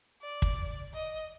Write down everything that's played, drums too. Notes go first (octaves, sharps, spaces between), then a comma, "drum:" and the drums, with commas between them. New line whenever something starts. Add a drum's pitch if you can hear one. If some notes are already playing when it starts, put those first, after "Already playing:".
D5
drum: kick
D#5